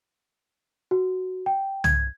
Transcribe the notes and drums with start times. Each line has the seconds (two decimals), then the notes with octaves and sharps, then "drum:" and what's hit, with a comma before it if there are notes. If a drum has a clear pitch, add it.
0.91 F#4
1.46 G5
1.84 G#6, drum: tom